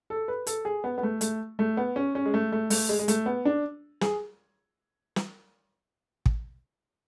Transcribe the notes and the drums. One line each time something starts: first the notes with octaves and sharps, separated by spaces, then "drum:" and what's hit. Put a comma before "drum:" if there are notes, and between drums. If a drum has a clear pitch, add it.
A4
B4
A4, drum: hi-hat
G#4
B3
B3
A3
A3, drum: hi-hat
A3
B3
C#4
C#4
G#3
A3
A3
A3, drum: open hi-hat
G#3
G#3
A3, drum: hi-hat
B3
D4
G#4, drum: snare
drum: snare
drum: kick